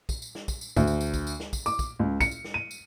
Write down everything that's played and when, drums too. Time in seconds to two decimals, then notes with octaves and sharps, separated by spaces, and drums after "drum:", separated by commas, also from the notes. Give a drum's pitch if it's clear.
0.09 drum: kick, tambourine
0.22 drum: tambourine
0.35 drum: snare
0.48 drum: kick, tambourine
0.61 drum: tambourine
0.76 D2, drum: kick, tambourine
0.87 drum: tambourine
1.00 drum: tambourine
1.14 drum: kick, tambourine
1.27 drum: tambourine
1.40 drum: snare
1.53 drum: kick, tambourine
1.66 D6, drum: tambourine
1.79 drum: kick, tambourine
1.99 C#2
2.21 C#7, drum: kick, tambourine
2.31 drum: tambourine
2.45 drum: snare
2.54 D#7
2.71 drum: tambourine